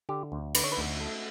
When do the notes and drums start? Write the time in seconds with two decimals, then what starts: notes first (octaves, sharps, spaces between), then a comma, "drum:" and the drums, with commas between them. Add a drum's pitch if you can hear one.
0.09 D3 G4
0.32 D2
0.55 D3 B4, drum: cymbal
0.64 C#5
0.72 B4
0.77 D2
1.00 A3